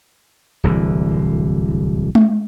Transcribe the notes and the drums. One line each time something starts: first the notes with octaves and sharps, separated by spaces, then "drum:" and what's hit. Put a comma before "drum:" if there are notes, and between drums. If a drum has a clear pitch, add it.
D1 C2 D3 E3
drum: tom G#3